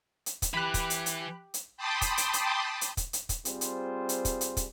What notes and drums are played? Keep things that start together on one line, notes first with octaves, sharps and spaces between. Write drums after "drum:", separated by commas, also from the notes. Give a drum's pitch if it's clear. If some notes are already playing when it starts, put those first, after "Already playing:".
drum: hi-hat
drum: kick, hi-hat
E3 G4 B5 F#6
drum: kick, hi-hat
drum: hi-hat
drum: hi-hat
drum: hi-hat
G5 A5 B5 C6 D6 D#6
drum: kick, hi-hat
drum: hi-hat
drum: hi-hat
drum: hi-hat
drum: kick, hi-hat
drum: hi-hat
drum: kick, hi-hat
G3 C4 F4 G#4 C5, drum: hi-hat
drum: hi-hat
drum: hi-hat
drum: kick, hi-hat
drum: hi-hat
drum: kick, hi-hat